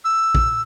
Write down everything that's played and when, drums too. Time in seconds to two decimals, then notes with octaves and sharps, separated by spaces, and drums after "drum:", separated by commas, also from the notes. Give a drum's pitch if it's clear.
0.05 E6
0.35 drum: kick